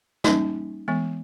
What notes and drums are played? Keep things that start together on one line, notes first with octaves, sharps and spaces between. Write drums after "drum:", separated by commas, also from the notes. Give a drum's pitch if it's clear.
G3 A#3 C#4 D#4, drum: snare
E3 G#3 B3